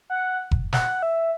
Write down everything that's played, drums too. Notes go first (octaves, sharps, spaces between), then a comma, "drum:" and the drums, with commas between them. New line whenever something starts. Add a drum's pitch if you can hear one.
F#5
drum: kick F1
F#5, drum: snare
E5